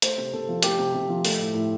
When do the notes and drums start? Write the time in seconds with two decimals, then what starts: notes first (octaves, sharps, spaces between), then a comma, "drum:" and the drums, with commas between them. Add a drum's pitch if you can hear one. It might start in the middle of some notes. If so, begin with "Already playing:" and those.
0.02 A3 C5, drum: hi-hat
0.18 C3
0.33 C3 A4
0.49 F3
0.63 A3 G4, drum: hi-hat
0.78 C3
0.94 C3
1.09 F3
1.25 A3, drum: open hi-hat
1.39 A2
1.54 A2